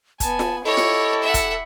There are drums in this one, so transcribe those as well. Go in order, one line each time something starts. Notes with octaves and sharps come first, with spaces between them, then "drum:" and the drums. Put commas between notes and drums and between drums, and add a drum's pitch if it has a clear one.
B3 G#5 A5, drum: kick, hi-hat
drum: snare F4
E4 G4 A4 C#5 D#5
drum: snare F4
E5 F#5
drum: kick, hi-hat